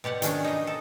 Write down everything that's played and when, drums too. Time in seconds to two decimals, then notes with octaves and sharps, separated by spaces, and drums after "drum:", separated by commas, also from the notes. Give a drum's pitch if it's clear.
0.04 B2 G4 D5 F#5
0.22 D#3 C#4 D4, drum: hi-hat
0.44 D#4 D#5
0.67 A4